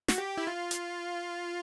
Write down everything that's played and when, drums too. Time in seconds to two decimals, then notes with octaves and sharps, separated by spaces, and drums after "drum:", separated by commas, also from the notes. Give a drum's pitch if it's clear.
0.08 F#4, drum: snare
0.18 G4
0.37 E4
0.47 F4
0.71 drum: hi-hat